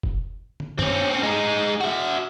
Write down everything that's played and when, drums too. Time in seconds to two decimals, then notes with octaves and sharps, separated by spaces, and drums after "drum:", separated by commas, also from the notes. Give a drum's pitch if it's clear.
0.03 drum: kick F1
0.60 drum: tom
0.79 C4 C#4, drum: tom F#2
1.10 C4 C#4
1.23 G#3 D#4
1.80 F#4 E5